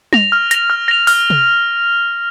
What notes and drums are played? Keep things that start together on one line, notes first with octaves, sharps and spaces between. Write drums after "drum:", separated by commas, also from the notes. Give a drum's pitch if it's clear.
A#6 F7, drum: tom
F6
A#6 F7, drum: hi-hat
F6
A#6 F7
F6, drum: open hi-hat
drum: tom C3